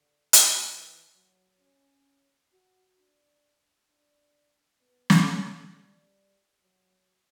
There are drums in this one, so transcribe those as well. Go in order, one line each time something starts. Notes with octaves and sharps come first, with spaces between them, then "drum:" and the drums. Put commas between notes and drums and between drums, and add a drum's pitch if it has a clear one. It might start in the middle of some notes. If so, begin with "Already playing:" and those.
Already playing: D3
drum: hi-hat
E3
F#3
C#4
F#4
D4
D4
B3
drum: snare
A3
G3
F#3